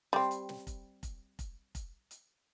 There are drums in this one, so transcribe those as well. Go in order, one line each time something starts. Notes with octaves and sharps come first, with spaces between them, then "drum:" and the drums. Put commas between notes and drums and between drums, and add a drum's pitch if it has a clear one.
G3 C4, drum: snare
drum: hi-hat
drum: snare
drum: kick F1, hi-hat
drum: kick F1, hi-hat
drum: kick F1, hi-hat
drum: kick F1, hi-hat
drum: hi-hat